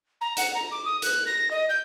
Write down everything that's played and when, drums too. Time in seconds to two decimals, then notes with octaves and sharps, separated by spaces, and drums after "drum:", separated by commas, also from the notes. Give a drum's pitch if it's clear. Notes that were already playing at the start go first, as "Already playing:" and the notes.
0.21 A#5
0.37 F#5, drum: hi-hat
0.54 A#5
0.71 D6
0.85 D#6
1.02 F#6, drum: hi-hat
1.26 A#6
1.50 D#5
1.69 G6